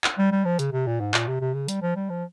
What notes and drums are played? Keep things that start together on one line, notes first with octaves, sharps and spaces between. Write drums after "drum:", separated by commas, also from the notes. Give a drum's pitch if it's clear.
drum: clap
G3
G3
F3
C#3, drum: hi-hat
C3
A#2
G#2
A#2, drum: clap
C3
C3
C#3
G3, drum: hi-hat
F3
G3
F3